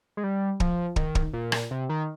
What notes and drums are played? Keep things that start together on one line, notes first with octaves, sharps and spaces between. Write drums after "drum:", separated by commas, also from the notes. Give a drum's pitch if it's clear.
G#3
G3
F3, drum: kick
D#3, drum: kick
drum: kick
A#2
drum: rim click
C3
D#3